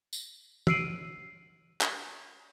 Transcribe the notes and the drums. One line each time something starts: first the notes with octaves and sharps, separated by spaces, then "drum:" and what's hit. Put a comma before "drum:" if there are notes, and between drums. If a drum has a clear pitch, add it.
drum: tambourine
E6 F6 C7 D7 D#7 F#7, drum: tom
drum: clap